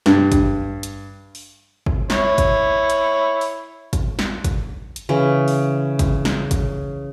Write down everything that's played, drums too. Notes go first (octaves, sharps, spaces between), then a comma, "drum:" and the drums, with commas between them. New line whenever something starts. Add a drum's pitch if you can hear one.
G2, drum: snare
drum: kick, hi-hat
drum: hi-hat
drum: open hi-hat
drum: kick
E4 C#5, drum: snare
drum: kick, hi-hat
drum: hi-hat
drum: open hi-hat
drum: kick, hi-hat
drum: snare
drum: kick, hi-hat
drum: hi-hat
C#3 E3
drum: open hi-hat
drum: kick, hi-hat
drum: snare
drum: kick, hi-hat